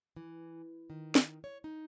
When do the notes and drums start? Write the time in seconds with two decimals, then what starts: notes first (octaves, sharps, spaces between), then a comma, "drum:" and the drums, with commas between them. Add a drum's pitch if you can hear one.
0.16 E3
0.90 D#3
1.15 drum: snare
1.44 C#5
1.64 D#4